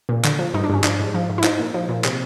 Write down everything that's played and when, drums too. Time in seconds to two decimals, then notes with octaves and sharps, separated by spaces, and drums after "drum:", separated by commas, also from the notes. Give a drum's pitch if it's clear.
0.09 A#2
0.24 D3, drum: clap
0.39 F3
0.54 G2 D#4
0.64 D4
0.70 G2 C#4
0.84 F3 D4, drum: clap
0.99 G#2
1.14 F3
1.29 G#2
1.38 E4
1.44 F3 D#4, drum: clap
1.59 A#2
1.74 F3
1.89 A#2
2.04 C3, drum: clap